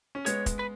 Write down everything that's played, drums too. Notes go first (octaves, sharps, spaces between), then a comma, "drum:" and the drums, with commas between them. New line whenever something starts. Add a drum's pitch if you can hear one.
C#4
G#3 B3 C#5, drum: hi-hat
drum: kick, hi-hat
B4